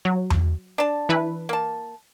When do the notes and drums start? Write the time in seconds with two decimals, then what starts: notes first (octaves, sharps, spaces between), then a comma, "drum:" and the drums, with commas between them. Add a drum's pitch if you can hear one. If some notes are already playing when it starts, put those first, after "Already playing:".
0.05 F#3
0.30 drum: tom E2
0.78 D4 A5
1.09 E3 E4 B4
1.49 A#3 A5